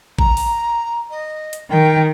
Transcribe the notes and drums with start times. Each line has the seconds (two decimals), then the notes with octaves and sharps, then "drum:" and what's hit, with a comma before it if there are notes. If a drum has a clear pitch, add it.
0.19 A#5, drum: kick A1
0.37 drum: open hi-hat
1.10 D#5
1.53 drum: hi-hat
1.70 D#3 G5